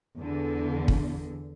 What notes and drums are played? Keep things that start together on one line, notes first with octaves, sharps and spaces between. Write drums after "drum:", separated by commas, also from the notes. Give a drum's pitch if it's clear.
E2 D3
drum: kick